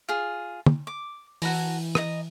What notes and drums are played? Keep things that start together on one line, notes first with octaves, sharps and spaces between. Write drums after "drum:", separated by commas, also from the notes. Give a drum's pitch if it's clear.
F4 G#4
drum: tom
D6
E3 F#4 A5 A#5, drum: open hi-hat
D#5 A#5, drum: rim click